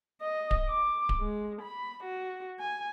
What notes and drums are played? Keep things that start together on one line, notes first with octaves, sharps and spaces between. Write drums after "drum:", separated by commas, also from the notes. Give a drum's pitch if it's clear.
D#5
drum: kick D1
D6
drum: kick D1
G#3
B5
F#4
G#5